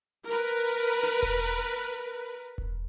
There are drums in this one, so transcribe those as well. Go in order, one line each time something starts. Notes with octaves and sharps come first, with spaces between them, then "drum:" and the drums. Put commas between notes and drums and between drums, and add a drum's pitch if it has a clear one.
A#4 B4
drum: snare
drum: kick E1
drum: kick E1